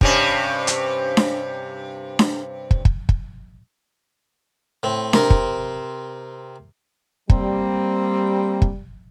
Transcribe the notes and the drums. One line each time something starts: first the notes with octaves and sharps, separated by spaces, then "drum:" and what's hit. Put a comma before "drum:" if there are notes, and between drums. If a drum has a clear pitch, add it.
G2 C3 C#4, drum: kick
drum: hi-hat
drum: snare D4
drum: snare D4
drum: kick
drum: kick
drum: kick
A2 C4
C3 C4 A#4, drum: snare D4
drum: kick
G3 A#3 C4, drum: kick
drum: kick